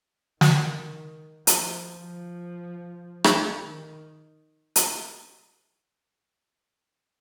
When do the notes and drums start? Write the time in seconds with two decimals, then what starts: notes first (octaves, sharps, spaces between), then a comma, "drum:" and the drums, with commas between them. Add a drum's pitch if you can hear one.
0.41 D#3, drum: snare
1.47 F3, drum: hi-hat
2.00 F3
3.24 drum: rim click
3.59 D#3
4.76 drum: hi-hat